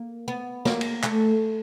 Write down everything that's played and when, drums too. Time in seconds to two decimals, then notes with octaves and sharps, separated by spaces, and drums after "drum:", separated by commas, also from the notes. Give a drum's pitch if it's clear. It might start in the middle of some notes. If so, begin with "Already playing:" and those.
Already playing: A#3
0.28 B3
0.65 A#3, drum: snare
0.81 drum: cymbal
1.04 A3, drum: clap